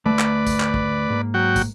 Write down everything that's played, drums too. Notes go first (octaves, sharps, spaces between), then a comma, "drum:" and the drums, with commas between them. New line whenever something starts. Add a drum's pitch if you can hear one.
D2 A3 B4 D5 A5
drum: clap
drum: kick, tambourine
drum: clap
drum: kick
G#2 A#3
F#3 F#4 G5
drum: kick, tambourine